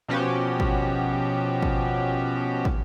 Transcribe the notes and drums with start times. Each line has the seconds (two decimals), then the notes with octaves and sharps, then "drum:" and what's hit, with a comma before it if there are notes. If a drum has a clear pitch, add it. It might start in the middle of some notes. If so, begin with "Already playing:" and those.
0.08 B2 F3 C#4 F#4 G4
0.60 drum: kick
1.62 drum: kick
2.65 drum: kick